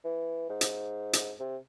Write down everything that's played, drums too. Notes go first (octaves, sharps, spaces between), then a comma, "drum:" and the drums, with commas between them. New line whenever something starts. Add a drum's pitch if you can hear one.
E3
G#2
drum: hi-hat
drum: hi-hat
C3